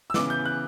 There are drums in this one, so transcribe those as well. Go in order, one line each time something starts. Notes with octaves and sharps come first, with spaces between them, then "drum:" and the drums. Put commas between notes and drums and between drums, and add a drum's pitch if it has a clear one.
E6
C#3 E3 B3 D6, drum: snare
G6
F#6